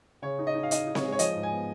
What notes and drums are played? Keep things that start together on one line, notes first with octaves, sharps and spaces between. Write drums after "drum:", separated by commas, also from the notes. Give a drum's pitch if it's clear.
C#3 C#5
D#4
D#5
D#4
F5
D#4 D#5, drum: hi-hat
D#4
C#5, drum: snare C4
G#3
C#5
F3 D#5, drum: hi-hat
G#2
G#5
B3